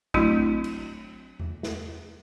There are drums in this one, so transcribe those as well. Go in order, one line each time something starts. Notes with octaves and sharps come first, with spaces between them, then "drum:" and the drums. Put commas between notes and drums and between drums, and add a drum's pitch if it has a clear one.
F#3 A3 C4 D4 E4 F#4, drum: kick
drum: cymbal
drum: tom E2
drum: snare